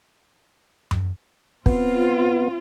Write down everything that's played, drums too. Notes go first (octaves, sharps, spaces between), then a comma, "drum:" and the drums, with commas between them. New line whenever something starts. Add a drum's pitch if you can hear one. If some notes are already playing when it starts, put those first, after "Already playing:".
drum: tom F#2
B3 C4 F4, drum: kick